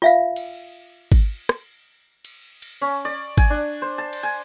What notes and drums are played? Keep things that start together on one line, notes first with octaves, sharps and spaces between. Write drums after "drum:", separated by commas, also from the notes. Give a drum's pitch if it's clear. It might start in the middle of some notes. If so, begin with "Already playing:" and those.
F4 E5 F5
drum: cymbal
drum: kick G#1, cymbal
drum: rim click
drum: cymbal
drum: cymbal
C#4
D5
G#5, drum: kick G#1, cymbal
D4
C5
A5
drum: cymbal
G#5